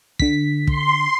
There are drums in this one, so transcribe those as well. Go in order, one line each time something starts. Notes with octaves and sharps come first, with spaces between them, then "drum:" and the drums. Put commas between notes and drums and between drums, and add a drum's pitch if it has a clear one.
D3 B6, drum: kick
C6, drum: kick